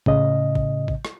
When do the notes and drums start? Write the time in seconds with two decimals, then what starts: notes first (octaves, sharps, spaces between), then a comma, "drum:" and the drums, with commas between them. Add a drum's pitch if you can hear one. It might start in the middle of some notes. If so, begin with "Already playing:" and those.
0.06 A2 C#3 D#5, drum: kick A1
0.55 drum: kick A1
0.88 drum: kick A1
1.05 drum: rim click